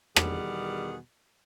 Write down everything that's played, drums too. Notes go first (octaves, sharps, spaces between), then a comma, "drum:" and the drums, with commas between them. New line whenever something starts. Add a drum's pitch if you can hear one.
E2 B2 D#3 G3 G#4 F#5, drum: rim click